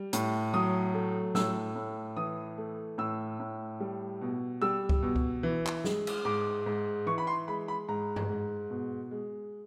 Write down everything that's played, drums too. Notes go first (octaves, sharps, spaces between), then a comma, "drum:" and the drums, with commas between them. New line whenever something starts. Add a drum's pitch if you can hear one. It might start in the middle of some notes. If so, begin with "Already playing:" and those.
Already playing: G3
A2, drum: hi-hat
F#3 D#6
A3
A2 E6, drum: snare
A2
E3 D#6
A3
A2 E6
A2
G3
B2
G3 E6
drum: kick C#2
B2
drum: kick C#2
E3
drum: clap
G#3, drum: snare
drum: cymbal
G#2 D6
G#2
E3 C#6
B5
C6
G#3 B5
B5
G#2 A#5
drum: tom G2
G#2
B2
G#3